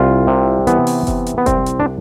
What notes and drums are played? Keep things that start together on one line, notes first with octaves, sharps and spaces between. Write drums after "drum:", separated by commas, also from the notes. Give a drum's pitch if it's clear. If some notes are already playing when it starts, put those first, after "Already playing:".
Already playing: C2 F4
C3
E3 B3, drum: hi-hat
drum: open hi-hat
C3, drum: kick F#1, hi-hat
drum: hi-hat
B3
C2 C4, drum: kick F#1, hi-hat
drum: hi-hat
D4